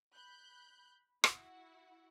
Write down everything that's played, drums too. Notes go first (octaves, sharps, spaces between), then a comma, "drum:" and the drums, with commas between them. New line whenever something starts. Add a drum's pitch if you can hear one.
B5 F#6 G6
E4 F#4 F#5, drum: rim click